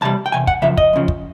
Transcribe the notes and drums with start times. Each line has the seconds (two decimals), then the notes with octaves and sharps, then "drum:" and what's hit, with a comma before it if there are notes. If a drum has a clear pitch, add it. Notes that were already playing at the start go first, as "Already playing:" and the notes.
0.01 E2 C3 G3 A5
0.26 G5
0.32 E2 C3 G#5
0.47 F#5, drum: kick
0.62 F#2 C#3 F3 E5
0.77 D#5, drum: kick
0.93 F#2 C#3 F3
1.08 drum: kick